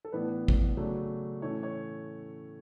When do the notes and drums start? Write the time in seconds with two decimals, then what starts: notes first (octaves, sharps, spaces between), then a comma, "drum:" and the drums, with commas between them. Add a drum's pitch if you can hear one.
0.05 A4
0.12 A2 E3 B3 D4 B4
0.48 drum: kick A1
0.77 C#3 F#3 A3 D4
1.42 A2 E3 A3 C#4 C#5
1.63 C#5